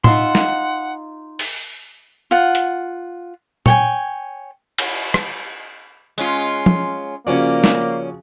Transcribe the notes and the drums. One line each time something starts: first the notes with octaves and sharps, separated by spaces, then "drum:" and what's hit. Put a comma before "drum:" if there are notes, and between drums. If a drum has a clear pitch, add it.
D#4 F4 E5 F#5 C6, drum: tom A2
drum: snare
drum: open hi-hat
F4 F#5
drum: hi-hat
C#5 G5 G#5, drum: tom A#2
drum: cymbal
drum: rim click
G#3 C#4 F4, drum: tambourine
drum: tom
C#3 F3 A#3 C#4 F#4 D5
drum: snare